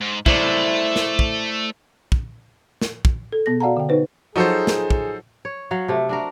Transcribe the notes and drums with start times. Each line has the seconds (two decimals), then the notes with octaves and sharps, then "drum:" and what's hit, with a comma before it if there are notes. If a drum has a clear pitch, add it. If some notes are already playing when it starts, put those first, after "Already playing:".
0.01 G#2
0.26 A3 E4 C5 D5, drum: kick
0.96 drum: snare
1.19 drum: kick
2.12 drum: kick
2.82 drum: snare
3.05 drum: kick
3.33 A4
3.46 B2 B3 G#4 A#6
3.60 F#4 D5 F5 F#5 A5 A#5
3.77 D3 G5
3.89 D#4 B4 C5
4.36 F3 F#3 D#4 F#4 G#4 A4 C5
4.67 drum: snare
4.90 drum: kick
5.45 C#5
5.71 F#3 F5 F#5
5.88 C3 A3
6.09 D4 F#4 A#4